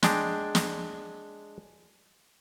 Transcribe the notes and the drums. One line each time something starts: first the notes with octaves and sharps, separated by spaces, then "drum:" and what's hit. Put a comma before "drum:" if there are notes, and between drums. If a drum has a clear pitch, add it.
G#3 D4 G5, drum: snare
drum: snare